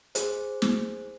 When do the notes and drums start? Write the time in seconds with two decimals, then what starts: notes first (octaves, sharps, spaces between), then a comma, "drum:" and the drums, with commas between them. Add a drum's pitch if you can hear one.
0.15 G#4 C5, drum: hi-hat
0.62 drum: snare